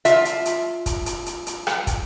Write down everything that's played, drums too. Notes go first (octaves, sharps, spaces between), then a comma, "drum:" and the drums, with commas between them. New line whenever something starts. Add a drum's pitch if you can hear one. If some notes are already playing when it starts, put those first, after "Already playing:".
F4 E5, drum: hi-hat
drum: hi-hat
drum: hi-hat
drum: kick, hi-hat
drum: hi-hat
drum: hi-hat
drum: hi-hat
drum: rim click
drum: kick, hi-hat